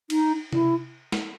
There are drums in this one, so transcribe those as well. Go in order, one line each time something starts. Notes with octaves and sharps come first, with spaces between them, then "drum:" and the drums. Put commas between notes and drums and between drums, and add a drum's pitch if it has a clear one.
D#4, drum: cymbal
E4, drum: tom C3
drum: snare